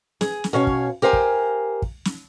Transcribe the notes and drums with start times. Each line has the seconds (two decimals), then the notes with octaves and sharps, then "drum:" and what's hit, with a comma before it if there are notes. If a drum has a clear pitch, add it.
0.21 G#4, drum: snare
0.44 drum: snare
0.53 B2 C#4 C#5 F5 G#5
0.67 drum: kick
1.02 G4 A#4 C5 F5 G#5
1.13 drum: kick
1.82 drum: kick
2.05 drum: snare